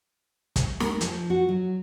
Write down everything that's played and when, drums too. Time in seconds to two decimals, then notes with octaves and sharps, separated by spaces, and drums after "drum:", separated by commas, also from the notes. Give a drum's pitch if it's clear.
0.56 drum: kick, hi-hat
0.80 A#4, drum: snare
1.01 F3, drum: hi-hat
1.30 F#4
1.49 F#3